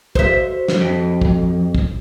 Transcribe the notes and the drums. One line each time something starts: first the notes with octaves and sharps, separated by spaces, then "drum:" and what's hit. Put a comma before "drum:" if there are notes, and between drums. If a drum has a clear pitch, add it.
F#4 C5 E5, drum: kick
drum: snare
F2
drum: kick
drum: kick